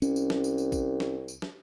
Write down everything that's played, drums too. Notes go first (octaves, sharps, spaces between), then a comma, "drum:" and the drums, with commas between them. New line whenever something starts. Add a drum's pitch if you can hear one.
C2 C#4, drum: tambourine
drum: tambourine
drum: snare
drum: tambourine
drum: tambourine
drum: kick, tambourine
drum: snare
drum: tambourine
drum: snare